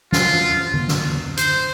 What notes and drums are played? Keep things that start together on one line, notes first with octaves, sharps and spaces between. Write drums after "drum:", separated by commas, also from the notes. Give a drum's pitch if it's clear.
F4, drum: snare
drum: tom D3
drum: snare
C5, drum: hi-hat